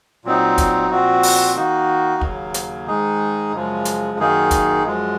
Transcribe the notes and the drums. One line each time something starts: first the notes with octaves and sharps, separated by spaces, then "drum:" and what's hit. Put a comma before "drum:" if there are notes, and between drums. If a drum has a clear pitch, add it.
A#2 F#3 C4 D#4
drum: kick, hi-hat
A#2 F3 C4 F#4
drum: open hi-hat
D#3 A#3 D#4 F#4
D#2 C#3 F#3 A#3, drum: kick
drum: hi-hat
G#2 D#3 G#3 D#4 G#4
F#2 C#3 F3 G#3
drum: hi-hat
F#2 D#3 A#3 D#4 G#4
drum: kick, hi-hat
F#2 F3 G#3